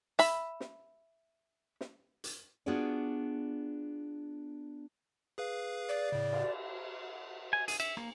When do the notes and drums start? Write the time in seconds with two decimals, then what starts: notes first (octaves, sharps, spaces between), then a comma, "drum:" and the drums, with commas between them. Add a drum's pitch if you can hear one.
0.19 E5 B5, drum: hi-hat
0.60 drum: snare
1.81 drum: snare
2.24 drum: hi-hat
2.66 B3 D4 F4 F#4 G#4 D5
5.38 G#4 B4 F5
5.89 D5
6.12 A2 C#3
6.33 drum: cymbal
7.53 G#5
7.68 G#4, drum: hi-hat
7.80 E5, drum: cymbal
7.97 A#3, drum: rim click